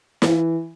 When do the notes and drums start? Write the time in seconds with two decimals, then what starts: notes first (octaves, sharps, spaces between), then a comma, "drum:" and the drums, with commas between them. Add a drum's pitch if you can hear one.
0.22 E3, drum: snare